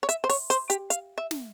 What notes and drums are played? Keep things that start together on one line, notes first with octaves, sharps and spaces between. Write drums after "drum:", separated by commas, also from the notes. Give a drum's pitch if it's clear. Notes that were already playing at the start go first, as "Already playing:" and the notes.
C#5
E5, drum: hi-hat
C5
C#5, drum: open hi-hat
C5, drum: hi-hat
G4, drum: hi-hat
F5, drum: hi-hat
E5
drum: snare